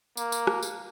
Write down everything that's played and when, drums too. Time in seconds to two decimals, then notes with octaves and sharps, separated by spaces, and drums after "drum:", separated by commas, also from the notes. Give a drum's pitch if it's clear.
0.17 A#3, drum: tambourine
0.32 drum: tambourine
0.47 drum: rim click
0.62 drum: tambourine